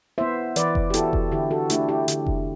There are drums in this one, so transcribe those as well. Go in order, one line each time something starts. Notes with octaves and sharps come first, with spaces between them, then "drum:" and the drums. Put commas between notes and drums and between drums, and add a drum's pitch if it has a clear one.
B3 E4 C5 E5
E3 B4 D5, drum: hi-hat
drum: kick F1
G4
B3 E4 F#4 A4, drum: hi-hat
drum: kick F1
D3 E4 G4
F#4 A4
A3 D4 E4 G4, drum: hi-hat
E4 G4
D3, drum: hi-hat
drum: kick F1